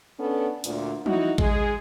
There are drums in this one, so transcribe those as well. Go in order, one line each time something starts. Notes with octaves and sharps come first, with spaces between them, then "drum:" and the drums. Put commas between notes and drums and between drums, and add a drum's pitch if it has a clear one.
B3 C#4 D4 A4
D2 A#2, drum: hi-hat
D#4 E4 F#4, drum: tom
G#3 G#4, drum: kick A1